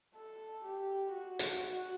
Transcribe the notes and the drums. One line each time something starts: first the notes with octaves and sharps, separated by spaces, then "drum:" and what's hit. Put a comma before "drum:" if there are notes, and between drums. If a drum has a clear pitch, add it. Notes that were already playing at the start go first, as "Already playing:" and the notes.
A4
G4
F#4
drum: hi-hat